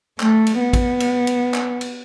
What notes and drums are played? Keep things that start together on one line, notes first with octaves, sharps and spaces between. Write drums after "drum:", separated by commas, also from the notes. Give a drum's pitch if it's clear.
A3, drum: clap
drum: cymbal
B3
drum: kick, cymbal
drum: cymbal
drum: cymbal
drum: clap
drum: cymbal